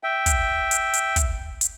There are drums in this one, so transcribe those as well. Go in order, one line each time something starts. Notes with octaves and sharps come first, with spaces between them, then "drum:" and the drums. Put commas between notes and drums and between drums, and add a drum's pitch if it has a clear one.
E5 G5
drum: kick, hi-hat
drum: hi-hat
drum: hi-hat
drum: kick, hi-hat
drum: hi-hat